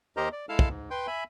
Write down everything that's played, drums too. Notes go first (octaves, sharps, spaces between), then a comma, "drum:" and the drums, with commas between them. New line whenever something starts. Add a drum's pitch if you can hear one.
D#2 G4 A#4 C5 D#5 A#5
D5
G#3 E4 A4 F5 A5 F6
drum: kick
G#2
B4 G5 C6 G6
E5 G#5 B5